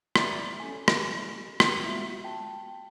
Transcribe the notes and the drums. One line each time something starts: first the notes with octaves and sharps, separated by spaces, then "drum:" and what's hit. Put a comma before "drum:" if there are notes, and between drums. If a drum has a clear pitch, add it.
D5 E5 A#5 B5 D6 A6, drum: rim click
C#4 A4 G#5
drum: rim click
drum: rim click
G#3 B3 F4 F#4 E5
G5 A5